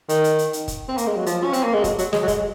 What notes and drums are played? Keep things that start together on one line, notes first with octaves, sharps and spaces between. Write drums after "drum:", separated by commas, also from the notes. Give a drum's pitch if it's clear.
D#3, drum: hi-hat
drum: hi-hat
drum: hi-hat
drum: hi-hat
drum: kick, hi-hat
C4
A#3, drum: hi-hat
G#3
F#3
F3, drum: hi-hat
C#4
C4, drum: hi-hat
A#3
G#3
F#3, drum: kick, hi-hat
F#3, drum: hi-hat
G#3, drum: snare
F#3
G#3, drum: kick, hi-hat